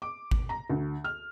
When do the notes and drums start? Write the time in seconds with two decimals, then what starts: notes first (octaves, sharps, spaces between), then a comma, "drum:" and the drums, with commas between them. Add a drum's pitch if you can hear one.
0.02 D6
0.31 drum: kick G#1
0.49 A#5
0.70 D2
1.04 F6